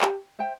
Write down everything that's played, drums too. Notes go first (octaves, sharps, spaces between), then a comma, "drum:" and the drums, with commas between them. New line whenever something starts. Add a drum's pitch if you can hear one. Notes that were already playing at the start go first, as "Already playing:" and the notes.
G4, drum: clap
C5 E5 G5